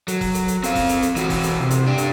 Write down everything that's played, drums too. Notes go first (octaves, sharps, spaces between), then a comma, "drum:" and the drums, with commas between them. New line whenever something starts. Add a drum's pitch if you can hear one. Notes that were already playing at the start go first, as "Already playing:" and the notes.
F#3, drum: hi-hat
drum: kick E1, open hi-hat
drum: hi-hat
drum: hi-hat
C4 F5, drum: hi-hat
drum: kick E1, open hi-hat
drum: hi-hat
drum: hi-hat
E3 F#4, drum: hi-hat
drum: kick E1, open hi-hat
drum: hi-hat
C3
drum: hi-hat
D4 G4
drum: hi-hat